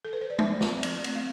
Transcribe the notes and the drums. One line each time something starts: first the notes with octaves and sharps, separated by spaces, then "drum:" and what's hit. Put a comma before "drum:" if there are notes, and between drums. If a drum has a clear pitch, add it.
A4
B4
C5
D5
F3 E5, drum: tom
A3 C4, drum: snare
F3, drum: cymbal
A3 C4, drum: cymbal
F5